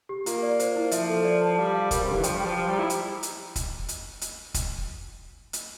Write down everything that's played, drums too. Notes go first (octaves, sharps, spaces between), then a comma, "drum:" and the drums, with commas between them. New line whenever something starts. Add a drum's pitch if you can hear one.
G4
A#3 F4, drum: hi-hat
D5
C5, drum: hi-hat
E4
F3 E5, drum: hi-hat
A4
D5
A5
G3 F5
F5
G3 A#4, drum: kick, hi-hat
C3
D3 G4
E3
F3 G5, drum: hi-hat
G3
G5
F3
F3 C5
G3 A#5
E4
drum: hi-hat
drum: hi-hat
drum: kick, hi-hat
drum: hi-hat
drum: hi-hat
drum: kick, hi-hat
drum: hi-hat